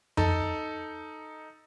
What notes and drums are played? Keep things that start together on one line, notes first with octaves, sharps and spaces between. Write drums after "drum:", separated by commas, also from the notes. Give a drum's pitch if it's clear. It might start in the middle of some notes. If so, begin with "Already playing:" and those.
D#4 A4, drum: tom F2